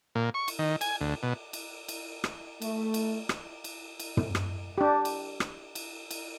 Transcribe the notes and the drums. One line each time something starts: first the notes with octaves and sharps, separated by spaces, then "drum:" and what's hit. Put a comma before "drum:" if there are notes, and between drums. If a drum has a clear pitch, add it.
A#2
C#6
drum: cymbal
D#3
G#5, drum: cymbal
D2
B2
drum: cymbal
drum: cymbal
drum: rim click
A3, drum: cymbal
drum: cymbal
drum: rim click
drum: cymbal
drum: cymbal
drum: tom
drum: rim click
D4 G4
drum: cymbal
drum: rim click
drum: cymbal
drum: cymbal